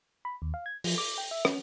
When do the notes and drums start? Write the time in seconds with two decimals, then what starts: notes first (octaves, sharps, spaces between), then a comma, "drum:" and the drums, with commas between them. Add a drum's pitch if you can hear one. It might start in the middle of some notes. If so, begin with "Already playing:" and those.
0.25 B5
0.42 D#2
0.54 F5
0.66 G#6
0.84 F3, drum: open hi-hat
0.98 D6
1.18 G5
1.31 E5
1.45 C#4, drum: rim click